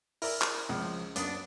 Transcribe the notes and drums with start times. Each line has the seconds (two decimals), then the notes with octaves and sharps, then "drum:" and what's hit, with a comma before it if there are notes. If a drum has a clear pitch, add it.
0.22 E4 A#4 D5 E5, drum: open hi-hat
0.41 drum: clap
0.69 C#2 F3
1.16 F#2 A#3 B3 C#4 D4 D6 D#6, drum: hi-hat